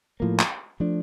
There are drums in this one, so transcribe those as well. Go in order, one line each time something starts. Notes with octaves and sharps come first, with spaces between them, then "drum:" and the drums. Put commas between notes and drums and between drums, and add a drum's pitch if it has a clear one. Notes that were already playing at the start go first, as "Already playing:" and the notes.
A2 F3 A#3
drum: clap
F3 A3 D4